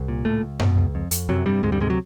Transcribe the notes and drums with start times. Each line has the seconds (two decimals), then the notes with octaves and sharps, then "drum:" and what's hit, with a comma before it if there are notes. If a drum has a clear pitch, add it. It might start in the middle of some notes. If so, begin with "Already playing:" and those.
Already playing: C2
0.08 A#2
0.25 C#2 A2 A3
0.42 C#2
0.60 B2, drum: tom F#2
0.77 C#2
0.95 F2
1.11 F2, drum: hi-hat
1.29 F#2 C3 F#3
1.46 G2 C3 G3
1.63 D2 G#2 G#3
1.72 G2 G3
1.80 G#2 C3 G#3
1.90 F#3